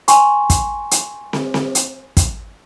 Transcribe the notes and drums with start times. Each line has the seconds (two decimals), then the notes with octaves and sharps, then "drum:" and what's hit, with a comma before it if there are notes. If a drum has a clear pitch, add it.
0.08 G5 G#5 C6 C#6, drum: hi-hat
0.50 drum: kick, hi-hat
0.91 drum: hi-hat
1.33 drum: snare
1.54 drum: snare
1.75 drum: hi-hat
2.17 drum: kick, hi-hat